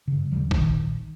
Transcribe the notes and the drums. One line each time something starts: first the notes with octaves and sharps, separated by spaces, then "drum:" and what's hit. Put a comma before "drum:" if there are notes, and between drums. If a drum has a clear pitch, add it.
G2 C#3
D#2 C#3 F#3 G3
A#2 D#3, drum: kick